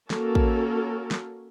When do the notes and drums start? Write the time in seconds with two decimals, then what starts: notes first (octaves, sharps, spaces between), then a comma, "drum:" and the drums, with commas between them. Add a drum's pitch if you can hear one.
0.10 A#3 C#4 F#4 A4 A#4, drum: snare
0.35 drum: kick
1.11 drum: snare